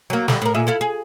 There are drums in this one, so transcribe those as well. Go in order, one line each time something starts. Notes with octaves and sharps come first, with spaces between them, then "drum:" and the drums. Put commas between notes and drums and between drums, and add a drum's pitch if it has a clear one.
F#3 A#3
D3 G3, drum: snare
A2 A#4
A#2 G#4 E5
E4 A4 F5
G#4